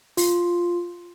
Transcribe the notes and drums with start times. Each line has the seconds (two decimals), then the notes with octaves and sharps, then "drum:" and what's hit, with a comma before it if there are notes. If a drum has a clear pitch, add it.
0.17 F4, drum: open hi-hat